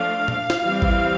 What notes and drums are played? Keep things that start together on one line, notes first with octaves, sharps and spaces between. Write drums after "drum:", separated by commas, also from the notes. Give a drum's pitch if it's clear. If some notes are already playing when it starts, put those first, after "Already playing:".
Already playing: F3 A3 D4 F5
drum: tom A#2
drum: snare
E3 G3 C4
drum: kick G#1